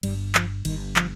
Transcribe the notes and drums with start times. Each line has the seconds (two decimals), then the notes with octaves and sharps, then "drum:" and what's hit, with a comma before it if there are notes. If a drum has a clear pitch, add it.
0.03 G1 G2 G3, drum: cymbal
0.35 F3, drum: clap
0.65 G1 G2 D#3, drum: cymbal
0.96 F3, drum: clap